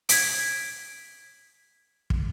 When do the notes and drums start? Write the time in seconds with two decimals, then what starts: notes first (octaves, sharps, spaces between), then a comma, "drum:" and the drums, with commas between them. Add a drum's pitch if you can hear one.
0.09 G#6 B6 D7, drum: hi-hat
2.10 drum: kick